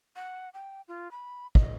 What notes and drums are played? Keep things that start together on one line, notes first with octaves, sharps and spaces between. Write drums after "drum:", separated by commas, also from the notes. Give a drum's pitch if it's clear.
F#5
G5
F4
B5
D#5, drum: kick